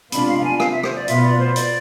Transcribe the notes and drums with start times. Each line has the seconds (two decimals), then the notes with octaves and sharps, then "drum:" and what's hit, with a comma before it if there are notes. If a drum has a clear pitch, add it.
0.12 C3 G#3 B3 D4 F4 B5, drum: hi-hat
0.28 F5
0.38 F5
0.44 G#5
0.60 F5, drum: rim click
0.72 E5
0.84 C5, drum: rim click
0.96 D5
1.08 B2 B3 F4 E5, drum: hi-hat
1.24 D5
1.35 B4
1.40 C5
1.56 D5, drum: hi-hat